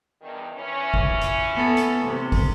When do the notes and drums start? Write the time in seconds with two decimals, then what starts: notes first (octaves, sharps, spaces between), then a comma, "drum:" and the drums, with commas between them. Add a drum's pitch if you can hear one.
0.22 E2 G2 D#3
0.55 E3 C#4
0.94 drum: kick
1.21 drum: hi-hat
1.55 B3 A4
1.77 drum: hi-hat
2.04 C3
2.32 drum: kick, open hi-hat